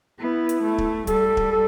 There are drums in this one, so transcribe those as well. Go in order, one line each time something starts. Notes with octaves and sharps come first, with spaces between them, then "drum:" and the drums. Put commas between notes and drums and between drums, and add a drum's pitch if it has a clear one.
B3 E4
drum: hi-hat
A3
drum: kick
G3 A4, drum: kick, hi-hat
drum: kick
A4